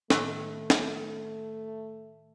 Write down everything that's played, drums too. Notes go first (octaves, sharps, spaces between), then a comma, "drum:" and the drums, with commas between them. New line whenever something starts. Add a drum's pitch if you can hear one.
A2 D#3 A3 E6, drum: snare
drum: snare